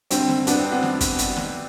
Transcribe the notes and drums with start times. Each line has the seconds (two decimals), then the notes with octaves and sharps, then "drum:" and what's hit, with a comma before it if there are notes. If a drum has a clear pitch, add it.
0.11 G2 D3 C4, drum: hi-hat
0.29 drum: snare
0.47 B3 D4, drum: hi-hat
0.59 C4
0.71 B3
0.83 drum: snare
1.01 drum: kick, hi-hat
1.18 drum: hi-hat
1.36 drum: snare